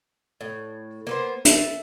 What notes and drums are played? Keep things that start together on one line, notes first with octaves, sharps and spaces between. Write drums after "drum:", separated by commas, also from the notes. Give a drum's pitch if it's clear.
A2
A#3 B3 C5
E5 A5, drum: hi-hat